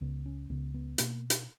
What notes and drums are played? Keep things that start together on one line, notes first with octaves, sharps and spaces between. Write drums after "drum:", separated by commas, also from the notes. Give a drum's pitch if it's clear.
C#2 C#3 B3
C#4
C#2 C#3 B3
B3
B2 A#3, drum: hi-hat
drum: hi-hat